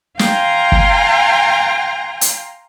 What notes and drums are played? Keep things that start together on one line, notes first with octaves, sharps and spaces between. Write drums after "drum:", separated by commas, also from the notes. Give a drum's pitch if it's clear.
F5 G5 G#5 A#5 C6, drum: snare
drum: kick
drum: hi-hat